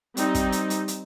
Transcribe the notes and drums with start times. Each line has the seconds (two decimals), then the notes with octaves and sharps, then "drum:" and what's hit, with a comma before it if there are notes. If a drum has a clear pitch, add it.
0.17 G3 C4 D#4, drum: hi-hat
0.35 drum: kick, hi-hat
0.52 drum: hi-hat
0.70 drum: hi-hat
0.88 drum: hi-hat